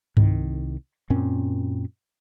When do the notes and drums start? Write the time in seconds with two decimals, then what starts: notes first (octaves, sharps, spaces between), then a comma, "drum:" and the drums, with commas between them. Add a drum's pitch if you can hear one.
0.17 C2 D#3, drum: tom G2
1.10 F#2 A#2 C4 C#4